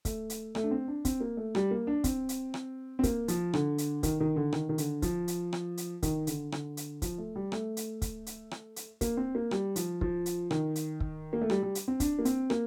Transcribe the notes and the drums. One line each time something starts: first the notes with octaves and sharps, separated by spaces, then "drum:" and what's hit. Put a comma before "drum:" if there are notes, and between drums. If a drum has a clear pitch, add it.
A3, drum: kick, hi-hat
drum: hi-hat
A3, drum: rim click
D4
C4
D4
C4, drum: kick, hi-hat
A#3
A3
G3, drum: rim click
A#3
D4
C4, drum: kick, hi-hat
drum: hi-hat
drum: rim click
C4
A#3, drum: kick, hi-hat
F3, drum: hi-hat
D3, drum: rim click
drum: hi-hat
D#3, drum: kick, hi-hat
D#3
D3
D#3, drum: rim click
D#3
D3, drum: hi-hat
F3, drum: kick, hi-hat
drum: hi-hat
drum: rim click
drum: hi-hat
D#3, drum: kick, hi-hat
D3, drum: hi-hat
D3, drum: rim click
drum: hi-hat
F3, drum: kick, hi-hat
A3
G3
A3, drum: rim click
drum: hi-hat
drum: kick, hi-hat
drum: hi-hat
drum: rim click
drum: hi-hat
A#3, drum: kick, hi-hat
C4
A#3
G3, drum: rim click
F3, drum: hi-hat
F3, drum: kick
drum: hi-hat
D#3, drum: rim click
drum: hi-hat
drum: kick
A#3
A3
G3, drum: rim click
G3
drum: hi-hat
C4
D4, drum: kick, hi-hat
A#3
C4, drum: hi-hat
A#3, drum: rim click